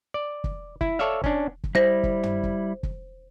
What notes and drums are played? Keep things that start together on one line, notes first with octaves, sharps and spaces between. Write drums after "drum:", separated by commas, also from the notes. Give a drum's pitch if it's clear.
D5
drum: kick
E4, drum: kick
A4 C#5 D5 E5 F5
C#4 D4, drum: kick
drum: kick
G3 E4 C5 A#6
drum: kick
drum: tom
drum: kick
drum: kick